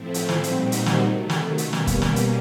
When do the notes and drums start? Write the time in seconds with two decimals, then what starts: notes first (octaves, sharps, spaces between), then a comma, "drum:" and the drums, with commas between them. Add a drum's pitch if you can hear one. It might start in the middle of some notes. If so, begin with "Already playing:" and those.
Already playing: A2 F3 A3 C4 E4
0.14 drum: hi-hat
0.29 drum: snare
0.43 A#2 G3 C4 D#4 F#4, drum: hi-hat
0.72 drum: hi-hat
0.86 drum: snare
1.01 C3 D#3 F#3 A3
1.30 drum: snare
1.58 B2 G3 A#3 C#4, drum: hi-hat
1.73 drum: snare
1.87 drum: kick C#1, hi-hat
2.02 drum: snare
2.16 drum: hi-hat